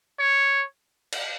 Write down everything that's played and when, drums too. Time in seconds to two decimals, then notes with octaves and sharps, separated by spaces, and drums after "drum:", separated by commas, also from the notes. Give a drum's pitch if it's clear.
0.19 C#5
1.12 drum: cymbal